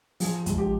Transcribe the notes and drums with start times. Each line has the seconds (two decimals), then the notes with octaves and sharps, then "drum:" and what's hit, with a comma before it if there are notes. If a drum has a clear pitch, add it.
0.20 F3 G#4, drum: open hi-hat
0.46 G#3, drum: kick, hi-hat
0.58 G4